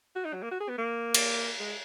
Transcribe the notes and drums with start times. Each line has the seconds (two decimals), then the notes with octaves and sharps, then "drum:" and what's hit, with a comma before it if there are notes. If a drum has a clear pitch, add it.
0.16 F#4
0.25 D#4
0.33 F#3
0.42 A#3
0.51 F#4
0.60 G#4
0.69 B3
0.78 A#3
1.14 drum: cymbal
1.59 G#3